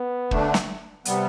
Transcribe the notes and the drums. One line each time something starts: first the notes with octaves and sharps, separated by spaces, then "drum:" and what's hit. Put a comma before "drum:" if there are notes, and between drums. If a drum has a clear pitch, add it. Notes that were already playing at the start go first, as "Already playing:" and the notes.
Already playing: B3
D3 A3 D4, drum: kick
drum: snare
C3 G3 B3, drum: hi-hat